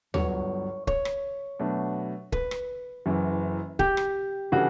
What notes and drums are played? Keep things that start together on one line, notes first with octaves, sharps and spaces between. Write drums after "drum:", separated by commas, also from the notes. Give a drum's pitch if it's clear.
G1 G2 F#3 B3 C#5, drum: tom
C#5, drum: kick
drum: rim click
B2 F#3 A3 D4
B4, drum: kick
drum: rim click
F#1 F#2 E3
G4, drum: kick
drum: rim click
C#3 E3 G3 D4 F#4 A4